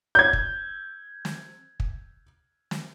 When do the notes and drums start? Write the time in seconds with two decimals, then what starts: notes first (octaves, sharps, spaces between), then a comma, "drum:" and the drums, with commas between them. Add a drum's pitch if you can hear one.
0.15 G6 G#6
0.33 drum: kick
1.25 drum: snare
1.80 drum: kick
2.71 drum: snare